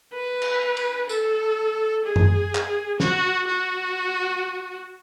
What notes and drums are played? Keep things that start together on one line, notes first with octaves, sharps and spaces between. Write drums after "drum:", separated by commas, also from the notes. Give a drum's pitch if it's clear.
B4
drum: cymbal
drum: cymbal
A4, drum: tambourine
G#4
drum: tom F#2
drum: clap
F#4, drum: snare
F#4